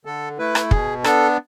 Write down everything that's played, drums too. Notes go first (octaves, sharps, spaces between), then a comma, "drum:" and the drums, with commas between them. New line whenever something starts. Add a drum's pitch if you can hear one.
D3 A4
A3 E4 B4
drum: rim click
B2 G#4, drum: kick
B3 D4 A4, drum: rim click